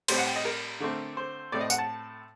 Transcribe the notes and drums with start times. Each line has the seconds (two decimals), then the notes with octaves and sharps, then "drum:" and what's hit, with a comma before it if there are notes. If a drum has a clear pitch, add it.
0.08 A2 G3 C4 C5, drum: cymbal
0.18 F#5
0.26 G5
0.36 D#5
0.45 A#4
0.80 D3 A3 C4
1.17 C5
1.52 A2 A3 C4 D5
1.61 D#5
1.70 F#5, drum: tambourine
1.78 A5